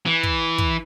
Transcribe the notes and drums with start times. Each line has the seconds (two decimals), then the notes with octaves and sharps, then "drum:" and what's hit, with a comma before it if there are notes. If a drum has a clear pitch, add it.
0.06 E3
0.23 drum: kick
0.58 drum: kick